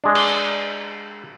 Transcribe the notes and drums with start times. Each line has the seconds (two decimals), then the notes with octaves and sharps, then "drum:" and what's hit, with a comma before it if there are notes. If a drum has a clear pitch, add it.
0.04 G#3 D4
0.15 drum: cymbal